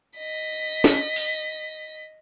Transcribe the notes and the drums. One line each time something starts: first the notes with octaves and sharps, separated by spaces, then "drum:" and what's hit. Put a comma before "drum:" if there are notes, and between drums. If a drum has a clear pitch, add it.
D#5 B6
drum: snare
drum: open hi-hat